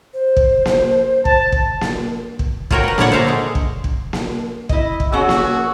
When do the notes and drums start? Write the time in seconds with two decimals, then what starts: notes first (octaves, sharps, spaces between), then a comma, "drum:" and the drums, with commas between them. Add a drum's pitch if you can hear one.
0.13 C5
0.37 drum: kick
0.65 drum: snare A#3
1.25 A5, drum: kick
1.52 drum: kick
1.81 drum: snare A#3
2.39 drum: kick
2.71 F4 F#4 A#4 C#5 G5, drum: kick
2.84 A#4 B4
2.98 A#2 D3 D4 C#5 F#5, drum: snare A#3
3.12 C5 E5 F5 G#5 A#5
3.27 D3 G#3
3.55 drum: kick
3.84 drum: kick
4.13 drum: snare A#3
4.69 E4 D#5, drum: kick
5.00 drum: kick
5.12 A#3 C#4 F#4 G#4 C#5 F#5 E6
5.29 drum: snare A#3